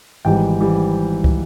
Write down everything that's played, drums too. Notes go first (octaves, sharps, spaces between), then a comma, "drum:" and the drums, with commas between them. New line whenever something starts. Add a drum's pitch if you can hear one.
G#1 G#2 E3 G3 G5
E3 G3
drum: kick